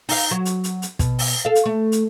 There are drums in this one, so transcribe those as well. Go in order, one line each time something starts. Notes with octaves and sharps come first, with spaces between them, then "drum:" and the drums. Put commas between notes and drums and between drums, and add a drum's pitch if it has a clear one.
D#4 F5, drum: open hi-hat
F#3
drum: hi-hat
drum: hi-hat
drum: hi-hat
B2, drum: kick, hi-hat
drum: open hi-hat
A4 F5
drum: hi-hat
A3
drum: hi-hat